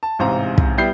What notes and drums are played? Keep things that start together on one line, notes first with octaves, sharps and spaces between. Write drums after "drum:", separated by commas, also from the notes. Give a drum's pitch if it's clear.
A5
A1 G#2 C3 C5 F5 A#5
drum: kick
G3 B3 E4 G4 G6 C7